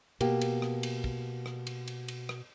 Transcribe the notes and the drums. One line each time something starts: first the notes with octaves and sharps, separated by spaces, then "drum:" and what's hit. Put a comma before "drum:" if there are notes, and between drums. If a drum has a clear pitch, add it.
B2 A#3 G4, drum: cymbal
drum: cymbal
drum: rim click
drum: cymbal
drum: kick
drum: rim click
drum: cymbal
drum: cymbal
drum: cymbal
drum: rim click